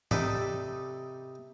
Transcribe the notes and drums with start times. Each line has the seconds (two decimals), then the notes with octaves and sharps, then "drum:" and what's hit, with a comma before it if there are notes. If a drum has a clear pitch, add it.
0.11 C3 D#4 A4 B4 D5 D#5, drum: tom G#2